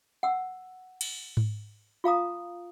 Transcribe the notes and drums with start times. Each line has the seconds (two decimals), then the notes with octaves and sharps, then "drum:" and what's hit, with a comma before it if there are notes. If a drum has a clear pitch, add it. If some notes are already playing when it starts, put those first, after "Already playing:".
0.23 F#5 E6
1.01 drum: cymbal
1.37 drum: tom G#2
2.04 F4 F5 A#5 D#6